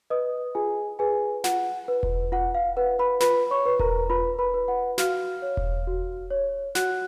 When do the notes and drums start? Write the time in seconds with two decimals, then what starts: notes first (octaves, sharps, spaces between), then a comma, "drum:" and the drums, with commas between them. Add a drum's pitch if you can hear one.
0.10 B4 D#5 D#6
0.55 F4 G#4 G#5
0.99 G#4 B4 G#5
1.44 F4 F#5, drum: snare
1.88 B4
2.03 drum: kick E1
2.32 F4 F#5
2.55 F5
2.77 B4 F#5
2.99 B4 B5
3.20 F4 B4 B5, drum: snare
3.51 C#5 C#6
3.66 B4
3.79 A#4 A#5, drum: kick E1
4.10 F4 B4 B5
4.39 B4 B5
4.54 B4
4.68 F#5
4.98 F#4 F5 F6, drum: snare
5.42 C#5
5.57 drum: kick E1
5.87 F#4
6.30 C#5
6.75 F#4 F#5 F#6, drum: snare